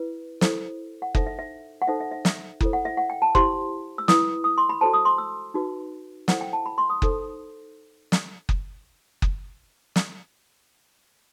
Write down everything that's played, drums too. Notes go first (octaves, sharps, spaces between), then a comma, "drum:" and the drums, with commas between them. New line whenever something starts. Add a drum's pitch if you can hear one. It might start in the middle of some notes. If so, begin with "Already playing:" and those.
Already playing: E4 B4
E4 A4 C5, drum: snare
F#5
D#4 A4 C5 E5, drum: kick F#1
E5
E5
F#5
D#4 A4 C5 E5
E5
E5
E5, drum: snare
E4 A4 C5, drum: kick F#1
F#5
E5
F#5
G5
A5
E4 G4 C5 C6, drum: kick F#1
E6
E4 B4 D#6, drum: snare
D#6
C6
B5
F#4 A4 C5 A5
D#6
C6
E6
D#4 F#4 B4
E4 A4 C5 F#5, drum: snare
G5
A5
B5
C6
D#6
D#4 A4 C5, drum: kick F#1
drum: snare
drum: kick F#1
drum: kick F#1
drum: snare